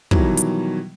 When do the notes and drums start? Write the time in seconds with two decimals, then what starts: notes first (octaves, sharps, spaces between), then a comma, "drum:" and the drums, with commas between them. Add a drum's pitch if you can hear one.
0.11 B2 D#3 E3 F#3 G3, drum: kick
0.37 drum: hi-hat